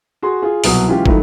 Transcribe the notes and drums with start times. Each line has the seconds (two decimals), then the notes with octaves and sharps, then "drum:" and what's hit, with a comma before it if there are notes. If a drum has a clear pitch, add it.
0.23 F#4 G#4 C6
0.42 F4 G#4
0.64 C2 B2 F#3 F#5 D#6, drum: open hi-hat
0.88 E3 G#3 C#4 F4 G4
1.06 D#3 F3 F#3 A3 D#4 E4, drum: kick